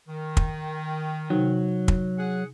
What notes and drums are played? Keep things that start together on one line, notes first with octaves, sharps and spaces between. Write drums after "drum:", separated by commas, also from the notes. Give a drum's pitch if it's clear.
D#3
drum: kick
C3 F#3 D#4
drum: kick
G#4 F#5